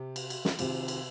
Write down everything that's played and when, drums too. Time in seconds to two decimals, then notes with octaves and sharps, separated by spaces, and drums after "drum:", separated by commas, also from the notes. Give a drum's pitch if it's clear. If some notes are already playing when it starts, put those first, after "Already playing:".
Already playing: C3
0.16 drum: cymbal
0.30 drum: cymbal
0.45 drum: snare
0.59 C3 D#3 C4 F4 G#4, drum: cymbal
0.88 drum: cymbal